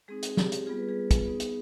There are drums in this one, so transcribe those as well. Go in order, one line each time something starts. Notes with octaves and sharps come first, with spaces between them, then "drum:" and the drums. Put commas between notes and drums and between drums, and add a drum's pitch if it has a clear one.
G#3 C4 D#4 G#4
drum: hi-hat
G4, drum: snare
drum: hi-hat
G3 B3 F4 G#4
B4
G#4
drum: kick, hi-hat
B3 D#4
drum: hi-hat